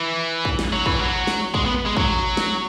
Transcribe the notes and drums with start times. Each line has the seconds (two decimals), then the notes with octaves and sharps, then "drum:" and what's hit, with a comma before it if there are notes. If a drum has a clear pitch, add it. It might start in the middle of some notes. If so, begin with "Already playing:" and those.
Already playing: E3
0.45 drum: kick
0.59 drum: snare
0.72 F#3
0.86 E3, drum: kick
0.99 F#3
1.27 drum: snare
1.54 G#3, drum: kick
1.65 B3
1.85 G#3
1.97 F#3, drum: kick
2.37 drum: snare